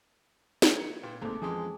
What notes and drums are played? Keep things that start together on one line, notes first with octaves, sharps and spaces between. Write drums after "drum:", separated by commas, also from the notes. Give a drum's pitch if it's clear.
C#4 G#4, drum: snare
G#6 C#7
A#2 B4 G5
G#1 G#2 C3 A3 A#3 A4 D5
F2 E3 F3 G#3 C#4 F4 G#4